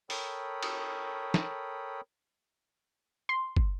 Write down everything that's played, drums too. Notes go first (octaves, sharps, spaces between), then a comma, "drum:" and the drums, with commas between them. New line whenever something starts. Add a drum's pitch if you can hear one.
A4 A#4 C#5 G5 B5 D#6, drum: open hi-hat
drum: cymbal
drum: snare
C6
drum: kick